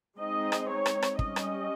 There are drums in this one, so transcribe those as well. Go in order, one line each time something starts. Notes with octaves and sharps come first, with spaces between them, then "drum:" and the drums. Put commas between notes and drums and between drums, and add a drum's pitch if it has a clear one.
G#3 C4 D#4 D#5
drum: rim click
C#5
drum: rim click
drum: rim click
G3 C#4 D#5, drum: kick
drum: rim click